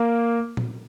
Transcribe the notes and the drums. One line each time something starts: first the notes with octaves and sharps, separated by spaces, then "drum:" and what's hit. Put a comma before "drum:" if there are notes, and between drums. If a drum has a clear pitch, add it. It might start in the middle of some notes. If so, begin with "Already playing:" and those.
Already playing: A#3
drum: tom